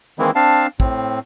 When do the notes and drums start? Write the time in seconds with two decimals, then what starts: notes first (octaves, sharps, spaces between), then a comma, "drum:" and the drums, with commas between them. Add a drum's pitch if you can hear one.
0.19 D#3 E3 G#3 A#3 C4 E4
0.35 C4 D4 F5 A5
0.80 A2 C4, drum: kick